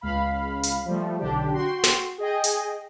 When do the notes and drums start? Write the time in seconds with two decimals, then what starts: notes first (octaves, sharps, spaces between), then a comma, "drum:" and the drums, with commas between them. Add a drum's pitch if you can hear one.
0.01 C#2 F5 B5
0.63 drum: hi-hat
0.85 F3 G3 A3
1.19 B1 D3 D4 G4
1.54 F#4 G5 C6
1.84 drum: snare
2.18 G#4 D#5 G5
2.44 drum: hi-hat